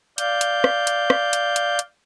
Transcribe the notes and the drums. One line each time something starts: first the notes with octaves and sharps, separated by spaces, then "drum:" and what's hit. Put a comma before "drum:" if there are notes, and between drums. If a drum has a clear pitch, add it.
D5 F5 G6, drum: hi-hat
drum: hi-hat
drum: rim click
drum: hi-hat
drum: rim click
drum: hi-hat
drum: hi-hat
drum: hi-hat